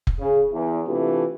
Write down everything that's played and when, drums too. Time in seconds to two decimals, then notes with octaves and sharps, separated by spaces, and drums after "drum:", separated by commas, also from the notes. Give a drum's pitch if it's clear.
0.07 drum: kick F1
0.20 C#3 G#4
0.52 E2
0.86 C3 E3 A3 D4 F4 G4